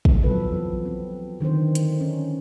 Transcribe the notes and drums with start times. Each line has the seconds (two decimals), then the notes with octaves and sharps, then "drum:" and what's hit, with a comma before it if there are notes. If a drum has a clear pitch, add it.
0.05 drum: kick
0.23 F3 F#3 B3 C4 A4 B4
0.52 E3
0.85 C4
1.40 D3 D#3 C4 C5
1.75 drum: hi-hat
2.01 C#4 D#4